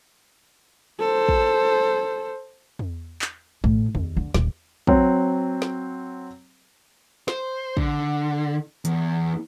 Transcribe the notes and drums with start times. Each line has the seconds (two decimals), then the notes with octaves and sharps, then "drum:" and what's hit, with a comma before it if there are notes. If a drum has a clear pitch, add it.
1.00 A4 C5
1.29 drum: kick
2.79 drum: tom E2
3.22 drum: clap
3.64 A2, drum: kick
3.95 D#2, drum: tom E2
4.17 D3
4.34 D#1, drum: snare
4.87 F#3 C4, drum: kick
5.62 drum: snare
7.28 C5, drum: snare
7.77 D3, drum: kick
8.85 E2, drum: hi-hat